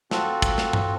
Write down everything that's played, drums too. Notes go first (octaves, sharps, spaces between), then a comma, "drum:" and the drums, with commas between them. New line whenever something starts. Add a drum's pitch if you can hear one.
C4 F4 F#4 A4, drum: snare
drum: kick, hi-hat
drum: snare
drum: tom G2